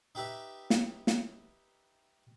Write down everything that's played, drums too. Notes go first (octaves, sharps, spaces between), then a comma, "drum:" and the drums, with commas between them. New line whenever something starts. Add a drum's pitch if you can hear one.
D#4 G4 B4 E5
drum: snare
drum: snare